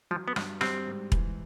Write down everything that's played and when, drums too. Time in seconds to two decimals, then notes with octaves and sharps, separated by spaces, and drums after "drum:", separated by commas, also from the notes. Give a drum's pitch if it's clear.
0.11 F3 F#3
0.28 B3
0.36 G2, drum: rim click
0.61 G3 C4, drum: rim click
0.87 G#2
1.12 E3, drum: kick E1